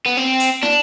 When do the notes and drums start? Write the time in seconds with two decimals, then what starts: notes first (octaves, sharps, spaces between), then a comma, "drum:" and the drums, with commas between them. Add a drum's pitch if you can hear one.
0.06 B3
0.17 C4
0.40 drum: hi-hat
0.63 D4, drum: snare